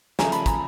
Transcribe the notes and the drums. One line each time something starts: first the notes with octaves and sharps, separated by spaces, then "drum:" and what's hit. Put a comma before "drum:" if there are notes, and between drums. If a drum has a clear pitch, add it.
C#3 F3 A3 G#5 A#5, drum: snare
A5 B5, drum: hi-hat
G#5 A#5, drum: kick, hi-hat